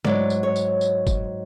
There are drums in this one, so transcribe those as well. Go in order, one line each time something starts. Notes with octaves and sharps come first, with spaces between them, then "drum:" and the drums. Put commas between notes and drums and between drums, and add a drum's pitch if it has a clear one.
G#2 F#3 D5, drum: snare
drum: tambourine
C#5
drum: tambourine
drum: tambourine
drum: kick, tambourine